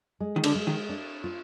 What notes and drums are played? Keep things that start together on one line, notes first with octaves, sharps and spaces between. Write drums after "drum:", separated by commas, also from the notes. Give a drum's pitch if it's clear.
G#3
D#3
D3, drum: cymbal
G#3
D#3
D4
F4